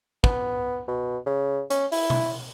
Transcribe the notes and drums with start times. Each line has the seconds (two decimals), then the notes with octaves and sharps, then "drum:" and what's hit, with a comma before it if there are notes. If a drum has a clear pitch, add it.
0.24 B3, drum: kick
0.88 B2
1.26 C#3
1.70 C#4, drum: hi-hat
1.92 E4, drum: open hi-hat
2.10 drum: tom B2